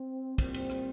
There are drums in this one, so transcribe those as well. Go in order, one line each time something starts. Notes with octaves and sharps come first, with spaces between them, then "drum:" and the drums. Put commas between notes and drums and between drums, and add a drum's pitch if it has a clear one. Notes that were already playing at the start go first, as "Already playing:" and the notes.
Already playing: C4
A#2 G3 C4, drum: kick, cymbal
drum: cymbal
drum: rim click